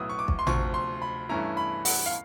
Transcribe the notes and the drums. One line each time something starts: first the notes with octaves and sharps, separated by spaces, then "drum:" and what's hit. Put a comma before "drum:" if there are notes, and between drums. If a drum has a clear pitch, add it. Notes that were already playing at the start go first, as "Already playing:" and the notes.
Already playing: B1 A2 F#3 B3 E4 D#6 E6
C#6
D6
drum: kick
C6
D2 C3 F3 C#6, drum: tom A1
C6
B5
G2 E3 A3 C#4 E4 A#5
B5
F#5, drum: open hi-hat
F5